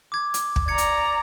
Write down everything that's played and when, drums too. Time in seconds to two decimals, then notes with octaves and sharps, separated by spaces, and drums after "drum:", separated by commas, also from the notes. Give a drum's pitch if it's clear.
0.12 D6 G#6
0.34 drum: hi-hat
0.56 drum: kick
0.68 D5 A#5 G#6 C#7
0.78 drum: hi-hat